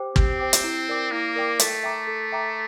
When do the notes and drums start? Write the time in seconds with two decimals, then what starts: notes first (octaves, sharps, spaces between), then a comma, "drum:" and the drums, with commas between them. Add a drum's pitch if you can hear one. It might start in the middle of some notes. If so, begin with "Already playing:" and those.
Already playing: G4 C5 G5 D6
0.16 C4 G4, drum: kick
0.39 C5 G5 D6
0.53 drum: hi-hat
0.64 E4
0.88 A#4 D5 G5 D6
1.11 A#3 E4
1.36 A#4 D5 G5 D6
1.59 A3 A4, drum: hi-hat
1.83 E5 G5 A#5 D6
2.07 A4
2.32 E5 G5 A#5 D6